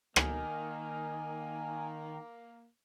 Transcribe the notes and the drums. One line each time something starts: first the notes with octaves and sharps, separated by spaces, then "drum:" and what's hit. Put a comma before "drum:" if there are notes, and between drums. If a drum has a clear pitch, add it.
D#3 A#3 G#5, drum: rim click